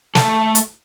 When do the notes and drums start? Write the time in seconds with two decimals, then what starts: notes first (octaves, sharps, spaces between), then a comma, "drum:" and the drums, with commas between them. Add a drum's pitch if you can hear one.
0.15 A3 A4, drum: snare
0.55 drum: hi-hat